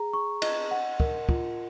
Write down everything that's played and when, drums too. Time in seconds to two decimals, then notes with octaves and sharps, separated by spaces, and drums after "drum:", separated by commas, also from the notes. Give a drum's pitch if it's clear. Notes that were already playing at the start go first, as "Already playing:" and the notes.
Already playing: G#4 A#5
0.13 C#6
0.42 D#5, drum: cymbal
0.71 F#5
1.00 A#4, drum: kick
1.29 F4, drum: kick